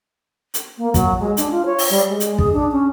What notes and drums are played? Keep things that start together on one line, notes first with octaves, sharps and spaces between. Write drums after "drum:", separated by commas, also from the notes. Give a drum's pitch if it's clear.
drum: hi-hat
A#3
F#3, drum: kick, hi-hat
G#3
D4, drum: hi-hat
F4
C#5
drum: open hi-hat
G3
G#3
drum: hi-hat
G#4, drum: kick
D4
C#4